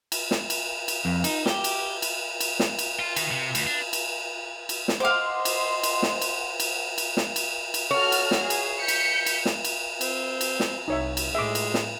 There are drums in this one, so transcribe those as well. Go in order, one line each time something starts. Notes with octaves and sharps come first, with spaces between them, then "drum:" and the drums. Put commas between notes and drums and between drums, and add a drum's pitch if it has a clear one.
drum: cymbal
drum: snare
drum: cymbal
drum: cymbal
F2
D#4, drum: cymbal
G4, drum: snare
drum: cymbal
drum: cymbal
drum: cymbal
drum: snare
drum: cymbal
F4
D#3, drum: cymbal
C3
D2, drum: cymbal
D4
drum: cymbal
drum: cymbal
drum: snare
C5 D#5 F5 F#5 C6 D6
drum: cymbal
drum: cymbal
drum: snare
drum: cymbal
drum: cymbal
drum: cymbal
drum: snare
drum: cymbal
drum: cymbal
F#4 A4 C#5 F6
drum: cymbal
drum: snare
G#4
drum: cymbal
G6 B6 C#7
drum: cymbal
drum: cymbal
drum: snare
drum: cymbal
C4, drum: cymbal
drum: cymbal
drum: snare
C2 D#4 C#5 E5
drum: cymbal
A2 G#3 E5 D6
drum: cymbal
drum: snare